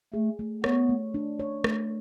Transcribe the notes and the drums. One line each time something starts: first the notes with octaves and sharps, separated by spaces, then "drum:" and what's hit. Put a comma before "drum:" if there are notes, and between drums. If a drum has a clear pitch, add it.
A3 G#4
A3
B3 C#5, drum: rim click
A3
D4
C#5
A3, drum: rim click